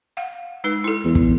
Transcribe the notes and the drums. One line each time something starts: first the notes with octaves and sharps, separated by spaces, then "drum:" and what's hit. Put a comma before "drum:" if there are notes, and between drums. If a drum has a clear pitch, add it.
F5 F#5
G#3 D#4 B4
E4 A4
E2
drum: kick